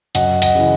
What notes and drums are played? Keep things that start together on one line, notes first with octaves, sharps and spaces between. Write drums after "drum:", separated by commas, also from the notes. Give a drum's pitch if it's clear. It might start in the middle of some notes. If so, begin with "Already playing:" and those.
F#2 D#5 F#5, drum: hi-hat
D#5 F#5, drum: hi-hat
C#3 E3